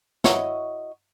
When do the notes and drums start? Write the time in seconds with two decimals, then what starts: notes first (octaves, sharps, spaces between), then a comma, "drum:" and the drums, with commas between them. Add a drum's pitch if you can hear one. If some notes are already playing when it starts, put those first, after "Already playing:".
0.24 E4 F#4 C#5 D#5, drum: snare